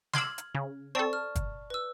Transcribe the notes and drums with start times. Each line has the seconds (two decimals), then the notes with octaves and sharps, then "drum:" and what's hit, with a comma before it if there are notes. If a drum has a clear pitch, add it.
0.13 C6 D6 E6 F6 G#6 F#7, drum: snare
0.38 drum: hi-hat
0.55 C#3
0.95 C4 A4 D5 A5 C#6
1.13 F6
1.35 drum: kick, hi-hat
1.70 B4 E6